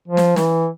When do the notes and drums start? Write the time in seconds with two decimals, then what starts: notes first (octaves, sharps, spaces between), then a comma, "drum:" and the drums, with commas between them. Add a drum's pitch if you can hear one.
0.08 F3
0.17 drum: snare
0.36 E3, drum: snare